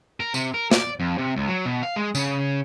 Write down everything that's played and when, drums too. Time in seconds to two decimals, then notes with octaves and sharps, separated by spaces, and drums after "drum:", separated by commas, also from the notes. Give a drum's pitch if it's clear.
0.20 A#4
0.34 C3, drum: tambourine
0.54 A#4
0.71 D5, drum: snare
1.00 F2
1.18 C3
1.36 C#2
1.48 F#3
1.65 B2
1.83 F5
1.96 G#3
2.15 C#3, drum: tambourine